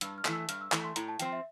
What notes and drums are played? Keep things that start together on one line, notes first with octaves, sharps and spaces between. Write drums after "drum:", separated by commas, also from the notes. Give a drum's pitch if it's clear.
G2 E6, drum: hi-hat
F6
E3 A3, drum: clap
E6
G2 F6, drum: hi-hat
E6
E3 A3, drum: clap
C6
A2 A#5, drum: hi-hat
A5
F3 C4 G5, drum: hi-hat
E5